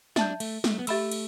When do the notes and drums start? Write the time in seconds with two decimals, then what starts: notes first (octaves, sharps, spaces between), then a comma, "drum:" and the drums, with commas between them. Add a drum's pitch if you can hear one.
0.16 D4 E5 A5 G6, drum: snare
0.40 A3, drum: cymbal
0.64 A3, drum: snare
0.79 B3
0.87 A3 G4 E5 B5 E6, drum: cymbal
1.11 drum: cymbal